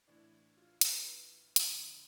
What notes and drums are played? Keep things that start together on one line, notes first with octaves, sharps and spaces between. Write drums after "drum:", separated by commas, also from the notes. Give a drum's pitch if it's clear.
A2 E3 D4
F4
B4, drum: hi-hat
F2 D3, drum: hi-hat